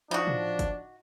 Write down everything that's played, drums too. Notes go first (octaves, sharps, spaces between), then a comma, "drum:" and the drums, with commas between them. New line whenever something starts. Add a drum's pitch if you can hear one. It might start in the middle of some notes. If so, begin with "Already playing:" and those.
F3 D4 D#4 F#4
drum: tom
drum: kick G1, hi-hat